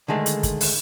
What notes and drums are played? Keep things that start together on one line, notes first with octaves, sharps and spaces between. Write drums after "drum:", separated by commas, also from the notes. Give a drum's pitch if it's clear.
D3 D#3 G#3 A3
drum: hi-hat
drum: kick, hi-hat
drum: open hi-hat